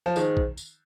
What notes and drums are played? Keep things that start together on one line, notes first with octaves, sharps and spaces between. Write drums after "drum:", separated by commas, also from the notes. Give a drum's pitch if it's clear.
F3
G#2 D#3, drum: tambourine
drum: kick A#1
drum: tambourine